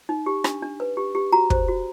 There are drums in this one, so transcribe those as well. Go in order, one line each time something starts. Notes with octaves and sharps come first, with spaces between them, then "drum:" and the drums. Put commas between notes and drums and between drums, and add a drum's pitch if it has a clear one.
D#4
G4
D4, drum: rim click
D4
B4
G4
G4
F#4 A#5
C5, drum: kick
F#4